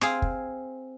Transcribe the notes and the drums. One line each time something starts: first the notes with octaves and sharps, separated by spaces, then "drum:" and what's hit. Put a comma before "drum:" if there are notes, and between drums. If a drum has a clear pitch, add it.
C4 G#4 F5, drum: rim click
drum: kick